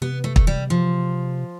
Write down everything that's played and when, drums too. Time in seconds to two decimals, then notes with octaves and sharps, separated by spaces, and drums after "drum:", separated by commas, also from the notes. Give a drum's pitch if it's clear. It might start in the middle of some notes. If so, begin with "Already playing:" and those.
0.02 C3 B3
0.24 A3
0.36 A3, drum: kick
0.47 G3
0.70 F3